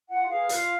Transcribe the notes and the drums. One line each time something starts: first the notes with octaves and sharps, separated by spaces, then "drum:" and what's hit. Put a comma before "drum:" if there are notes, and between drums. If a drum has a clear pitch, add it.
F4 F#5
G#4 B4 F5
F4, drum: hi-hat